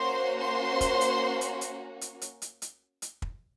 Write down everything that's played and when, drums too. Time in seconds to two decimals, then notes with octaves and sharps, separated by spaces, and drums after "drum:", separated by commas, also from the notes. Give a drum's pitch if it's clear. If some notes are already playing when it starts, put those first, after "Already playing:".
Already playing: A#3 C#4 F#4 C5 C6
0.40 C5 C6
0.81 drum: kick, hi-hat
1.01 drum: hi-hat
1.41 drum: hi-hat
1.61 drum: hi-hat
2.01 drum: hi-hat
2.22 drum: hi-hat
2.42 drum: hi-hat
2.62 drum: hi-hat
3.02 drum: hi-hat
3.22 drum: kick